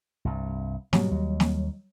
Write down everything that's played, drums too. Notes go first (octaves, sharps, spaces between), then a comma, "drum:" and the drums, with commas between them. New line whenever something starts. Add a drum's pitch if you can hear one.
C2 G2
G#2 B2 F#3 G3 C#5, drum: snare
D#2
drum: snare